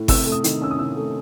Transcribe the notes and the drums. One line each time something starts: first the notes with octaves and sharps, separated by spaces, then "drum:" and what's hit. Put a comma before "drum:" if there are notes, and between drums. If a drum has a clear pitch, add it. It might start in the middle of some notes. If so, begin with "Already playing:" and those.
Already playing: A2
C3 E6, drum: kick G1, open hi-hat
A3
D#6
D#3, drum: hi-hat
C#4 E6
D#6
C3 E6
A3